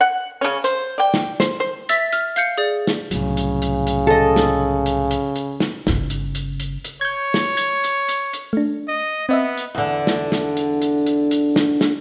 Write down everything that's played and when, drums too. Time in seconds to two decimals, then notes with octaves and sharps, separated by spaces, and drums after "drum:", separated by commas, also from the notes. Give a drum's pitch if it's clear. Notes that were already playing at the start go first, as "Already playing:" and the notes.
0.01 F#5
0.41 C#3 C#4
0.64 C5, drum: hi-hat
0.98 D5 G5
1.14 drum: snare
1.40 C5, drum: snare
1.60 C5
1.89 E5 E6 A6 B6, drum: hi-hat
2.13 F6, drum: hi-hat
2.36 F5 G6 C#7, drum: hi-hat
2.58 G#4 D5
2.87 drum: snare
3.11 C2 A2 C#3 F#3, drum: hi-hat
3.37 drum: hi-hat
3.62 drum: hi-hat
3.87 drum: hi-hat
4.07 A4 D#5
4.36 drum: snare
4.86 drum: hi-hat
5.11 drum: hi-hat
5.36 drum: hi-hat
5.60 drum: snare
5.87 G1 C#3, drum: snare
6.10 drum: hi-hat
6.35 drum: hi-hat
6.60 drum: hi-hat
6.85 drum: hi-hat
7.01 C#5 G6 G#6
7.34 drum: snare
7.57 G#6, drum: hi-hat
7.84 drum: hi-hat
8.09 drum: hi-hat
8.33 drum: hi-hat
8.53 A3 D4
8.88 D#5
9.29 B3 C4 D#5 E5
9.58 drum: hi-hat
9.75 E2 D3
10.07 drum: snare
10.32 drum: snare
10.57 drum: hi-hat
10.82 drum: hi-hat
11.06 drum: hi-hat
11.31 drum: hi-hat
11.56 drum: snare
11.81 drum: snare